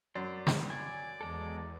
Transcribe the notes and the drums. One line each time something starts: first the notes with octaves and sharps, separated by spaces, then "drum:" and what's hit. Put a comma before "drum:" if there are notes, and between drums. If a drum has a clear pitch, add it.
F#2 D5 C6
drum: snare
D5 G#5 D6
E2 F#3 G#3 A4